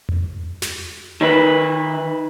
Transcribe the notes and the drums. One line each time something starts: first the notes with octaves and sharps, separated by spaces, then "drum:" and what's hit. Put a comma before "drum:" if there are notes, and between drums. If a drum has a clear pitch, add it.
drum: tom E2
drum: snare
D#3 B4